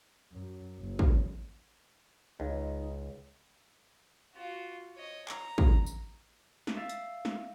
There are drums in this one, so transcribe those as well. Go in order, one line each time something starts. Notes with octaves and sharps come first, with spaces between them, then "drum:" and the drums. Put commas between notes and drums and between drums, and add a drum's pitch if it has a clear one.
F#2
F#1
drum: kick
C#2 D#4
F4 F#4
C#5 D#5
A#5, drum: clap
drum: kick
drum: tambourine
drum: snare
E5 F5 A6
drum: hi-hat
drum: snare